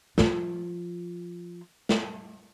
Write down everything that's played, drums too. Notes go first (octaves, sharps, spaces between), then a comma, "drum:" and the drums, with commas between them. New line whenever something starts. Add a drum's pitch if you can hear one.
F3 F4, drum: snare
drum: snare